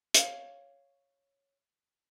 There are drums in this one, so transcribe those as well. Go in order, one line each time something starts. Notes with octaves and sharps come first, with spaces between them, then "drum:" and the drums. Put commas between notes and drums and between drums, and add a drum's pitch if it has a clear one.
C#5 F5, drum: hi-hat